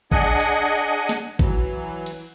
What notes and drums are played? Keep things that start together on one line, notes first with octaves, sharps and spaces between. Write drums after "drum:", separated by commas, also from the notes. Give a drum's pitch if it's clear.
D4 G#4 D#5 F#5 G#5, drum: kick G#1
drum: cymbal
drum: snare
E3 F#3, drum: kick G#1
drum: cymbal